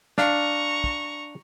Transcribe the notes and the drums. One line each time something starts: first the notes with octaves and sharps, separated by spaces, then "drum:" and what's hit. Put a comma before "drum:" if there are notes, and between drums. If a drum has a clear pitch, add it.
D4 F5 A#5 C#6, drum: snare
drum: kick